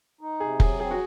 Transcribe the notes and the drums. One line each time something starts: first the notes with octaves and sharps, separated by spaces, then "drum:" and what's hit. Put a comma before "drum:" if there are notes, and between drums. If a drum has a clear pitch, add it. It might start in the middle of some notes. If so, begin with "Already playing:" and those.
D#4
C3 G#4
F#3 G#4, drum: kick F1
C4 G#4
F#4